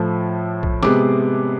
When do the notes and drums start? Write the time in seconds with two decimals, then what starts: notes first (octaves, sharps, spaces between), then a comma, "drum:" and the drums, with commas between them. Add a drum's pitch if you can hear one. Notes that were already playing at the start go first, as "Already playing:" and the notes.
Already playing: A2 F3 A3
0.63 drum: kick
0.83 C3 G#3 B3 D6, drum: snare